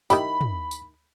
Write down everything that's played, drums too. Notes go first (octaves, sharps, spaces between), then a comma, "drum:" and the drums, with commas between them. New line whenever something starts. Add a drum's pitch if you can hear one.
D#3 E4 G4 B5, drum: tambourine
drum: tom
drum: tambourine